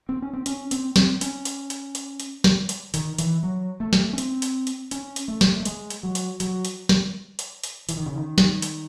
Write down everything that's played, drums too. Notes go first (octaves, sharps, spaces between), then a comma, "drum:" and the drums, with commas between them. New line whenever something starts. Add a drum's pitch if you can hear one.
C4
C#4
C4
C#4, drum: hi-hat
C4, drum: hi-hat
C4, drum: snare
C#4, drum: hi-hat
drum: hi-hat
drum: hi-hat
drum: hi-hat
drum: hi-hat
drum: snare
drum: hi-hat
D#3, drum: hi-hat
E3, drum: hi-hat
F#3
A3
drum: snare
C#4
C4, drum: hi-hat
drum: hi-hat
drum: hi-hat
C#4, drum: hi-hat
drum: hi-hat
A3
drum: snare
A3
G#3, drum: hi-hat
drum: hi-hat
F#3
drum: hi-hat
F#3, drum: hi-hat
drum: hi-hat
drum: snare
drum: hi-hat
drum: hi-hat
E3, drum: hi-hat
D#3
C#3
D#3
drum: snare
drum: hi-hat